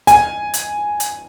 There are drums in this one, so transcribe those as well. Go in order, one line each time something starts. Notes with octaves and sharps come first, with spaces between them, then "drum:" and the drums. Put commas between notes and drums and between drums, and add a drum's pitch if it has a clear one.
G#5, drum: hi-hat
drum: hi-hat
drum: hi-hat